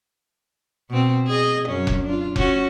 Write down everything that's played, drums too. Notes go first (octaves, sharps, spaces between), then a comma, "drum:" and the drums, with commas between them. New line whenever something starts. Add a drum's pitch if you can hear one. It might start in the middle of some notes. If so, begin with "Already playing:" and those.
B2 C4
G#4 D#5
F#2 C#4
drum: kick F1
D4 F4
C#4 F#4, drum: kick F1